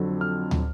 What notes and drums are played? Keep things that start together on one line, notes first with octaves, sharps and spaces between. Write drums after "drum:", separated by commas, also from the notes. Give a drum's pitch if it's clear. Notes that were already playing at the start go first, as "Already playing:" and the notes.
Already playing: F2 D3 F#3
F6
drum: tom